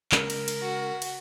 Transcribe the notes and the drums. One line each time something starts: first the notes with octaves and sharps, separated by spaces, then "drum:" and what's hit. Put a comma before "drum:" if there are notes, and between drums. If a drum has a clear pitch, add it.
C#3 G#3 C#4 A#4, drum: clap
drum: cymbal
drum: cymbal
F#4
drum: cymbal